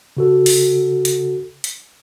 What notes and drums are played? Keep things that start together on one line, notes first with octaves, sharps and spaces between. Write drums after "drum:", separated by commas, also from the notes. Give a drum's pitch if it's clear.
C#3 F#4 A4
drum: open hi-hat
drum: hi-hat
drum: hi-hat